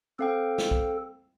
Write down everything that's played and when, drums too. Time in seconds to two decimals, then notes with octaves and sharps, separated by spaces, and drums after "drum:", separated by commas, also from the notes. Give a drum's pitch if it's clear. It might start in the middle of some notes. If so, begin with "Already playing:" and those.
0.19 C4 A4 F5 G5
0.58 drum: snare
0.71 drum: kick